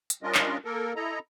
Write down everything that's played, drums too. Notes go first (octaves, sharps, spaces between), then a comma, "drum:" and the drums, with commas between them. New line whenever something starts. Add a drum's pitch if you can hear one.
drum: hi-hat
G3 C#4 D4 F4 A#4 D#5
drum: clap
A#3 A4 A#4
E4 A4 D#5 A#5